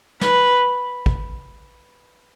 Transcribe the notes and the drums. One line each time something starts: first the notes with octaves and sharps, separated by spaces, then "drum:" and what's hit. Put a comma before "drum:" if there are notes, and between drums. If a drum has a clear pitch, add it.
B4, drum: snare
drum: kick G#1